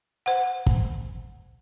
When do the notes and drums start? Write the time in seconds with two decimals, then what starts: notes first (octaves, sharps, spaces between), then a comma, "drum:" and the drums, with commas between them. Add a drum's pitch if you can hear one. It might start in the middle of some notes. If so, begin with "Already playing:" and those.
0.26 C5 F#5
0.66 drum: kick